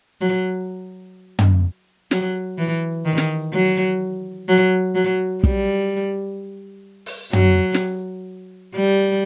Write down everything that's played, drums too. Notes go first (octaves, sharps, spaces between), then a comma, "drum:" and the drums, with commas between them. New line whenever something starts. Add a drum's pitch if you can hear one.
F#3
drum: tom
F#3, drum: snare
E3
D#3
drum: snare
F#3
F#3
F#3
G3, drum: kick
drum: open hi-hat
F#3, drum: tom
drum: snare
G3